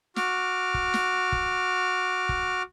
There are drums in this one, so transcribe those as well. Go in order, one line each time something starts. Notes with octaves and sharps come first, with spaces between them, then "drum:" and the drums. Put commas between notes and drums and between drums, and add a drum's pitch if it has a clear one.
F#4 D6 F6, drum: snare
drum: kick
drum: snare
drum: kick
drum: kick